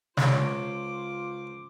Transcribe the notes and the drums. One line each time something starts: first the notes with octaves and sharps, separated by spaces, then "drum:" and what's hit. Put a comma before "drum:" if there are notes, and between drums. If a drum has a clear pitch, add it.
C#2 F4 C5 C#5 D6, drum: snare